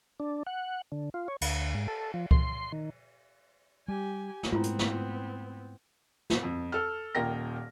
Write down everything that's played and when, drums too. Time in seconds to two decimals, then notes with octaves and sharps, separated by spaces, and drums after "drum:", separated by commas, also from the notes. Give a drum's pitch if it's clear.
0.20 D4
0.47 F#5
0.92 D3
1.14 F4
1.28 C#5
1.41 D2, drum: cymbal
1.75 G#2
1.88 A4
2.14 F3
2.31 C6, drum: kick C#2
2.72 D#3
3.88 G3 G4 G#5
4.43 drum: snare
4.52 G#2 G#3 A3 B3 C4 E4 F4
4.64 drum: hi-hat
4.79 drum: snare
6.30 drum: snare
6.43 F2
6.72 A4 F6
7.15 D#1 A#2 A#4 G5 A#6